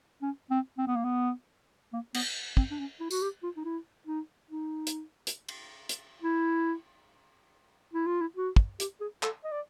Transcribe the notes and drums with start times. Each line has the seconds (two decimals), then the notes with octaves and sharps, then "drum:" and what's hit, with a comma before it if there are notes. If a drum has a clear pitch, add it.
0.22 C#4
0.51 C4
0.78 C4
0.87 B3
0.96 A#3
1.04 B3
1.93 A#3
2.14 B3, drum: cymbal
2.57 C4, drum: kick
2.71 D4
2.79 C#4
3.00 E4
3.11 F#4, drum: tambourine
3.22 G4
3.43 F4
3.57 D#4
3.65 E4
4.07 D#4
4.50 D#4
4.87 drum: hi-hat
5.27 drum: hi-hat
5.49 drum: cymbal
5.89 drum: hi-hat
6.22 E4
7.94 E4
8.07 F4
8.21 E4
8.36 F#4
8.56 drum: kick
8.80 G4, drum: hi-hat
9.00 G#4
9.23 A4, drum: clap
9.44 D#5
9.52 D5